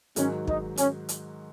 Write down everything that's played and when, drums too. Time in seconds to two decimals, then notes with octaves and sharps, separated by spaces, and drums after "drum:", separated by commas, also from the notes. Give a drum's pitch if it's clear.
0.16 G#2 D#3 F#3 C#4, drum: hi-hat
0.47 D#4, drum: kick
0.77 C#4, drum: hi-hat
1.09 drum: hi-hat